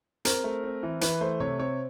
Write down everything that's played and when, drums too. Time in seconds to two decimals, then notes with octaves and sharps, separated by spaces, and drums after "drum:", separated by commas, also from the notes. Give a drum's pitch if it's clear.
0.25 C4 A#4, drum: hi-hat
0.44 A3
0.63 C4
0.83 E3
1.01 E3 B4, drum: hi-hat
1.21 A3 C5
1.40 C3 C#5
1.59 C4 C#5